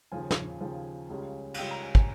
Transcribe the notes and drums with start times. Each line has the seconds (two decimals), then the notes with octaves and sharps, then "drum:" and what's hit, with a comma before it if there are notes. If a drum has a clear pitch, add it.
0.12 D#2 C#3 F3 G#5
0.31 drum: snare
0.61 D#2 C#3 F3
1.10 C#2 C#3 G3 C#4 F4
1.54 F5, drum: cymbal
1.58 C#2 C#3 G3 C#4 F4 G5
1.71 A#5
1.83 G#5
1.95 G#5, drum: kick